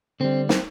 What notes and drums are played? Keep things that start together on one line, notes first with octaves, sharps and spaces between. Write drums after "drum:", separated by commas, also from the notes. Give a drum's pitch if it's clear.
D3 G3 C4
C4, drum: snare